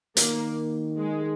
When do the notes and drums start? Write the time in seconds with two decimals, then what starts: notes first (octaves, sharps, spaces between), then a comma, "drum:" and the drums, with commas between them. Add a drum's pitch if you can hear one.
0.17 D#3 A#3, drum: hi-hat
0.98 G#3